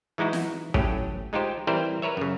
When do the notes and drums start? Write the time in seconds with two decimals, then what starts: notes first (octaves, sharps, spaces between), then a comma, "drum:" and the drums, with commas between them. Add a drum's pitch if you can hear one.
0.18 E3 G#3 D#4 E4 F#4
0.33 drum: snare
0.74 A2 F#3 A3 C#4 G4 G#4, drum: kick
1.33 G#3 D#4 F4 G4 C5
1.67 E3 G3 C4 E4 A#4 C5
2.02 A#4 B4 C#5 E5
2.17 F#2 C#3